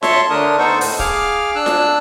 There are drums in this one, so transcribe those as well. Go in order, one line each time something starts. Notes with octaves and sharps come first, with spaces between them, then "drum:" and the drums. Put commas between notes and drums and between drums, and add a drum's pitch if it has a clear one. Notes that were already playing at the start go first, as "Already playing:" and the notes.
C#5 E5 A5 C6 C#6, drum: snare F4
D3 A3 D4 A#4 D#6
B3 D#4 A4 C5 C#6
A2, drum: open hi-hat
G#4 F5 D6 F6, drum: kick
D4 E6 F#6
drum: snare F4